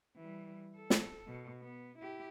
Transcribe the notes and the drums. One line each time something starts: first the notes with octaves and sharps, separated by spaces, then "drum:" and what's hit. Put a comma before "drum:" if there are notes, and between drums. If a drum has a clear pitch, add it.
E3 G3
A4
drum: snare
B2
B3
E4 G4